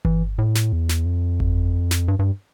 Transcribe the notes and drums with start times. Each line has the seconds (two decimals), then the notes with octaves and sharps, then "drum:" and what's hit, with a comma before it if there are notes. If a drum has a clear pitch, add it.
0.05 E3, drum: kick G1
0.38 A2
0.55 drum: snare
0.73 E2
0.89 drum: snare
1.06 F2
1.40 drum: kick G1
1.91 drum: snare
2.08 G2
2.19 G2